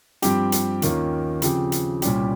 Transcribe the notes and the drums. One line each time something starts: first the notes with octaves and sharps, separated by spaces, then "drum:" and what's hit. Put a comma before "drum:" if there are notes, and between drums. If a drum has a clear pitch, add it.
G2 F3 C4 G4, drum: hi-hat
drum: hi-hat
D#2 D#3 A#3 C#4 F4, drum: hi-hat
C#3 F3 C4 G4, drum: hi-hat
drum: hi-hat
C2 A#2 G3 C#4 G4, drum: hi-hat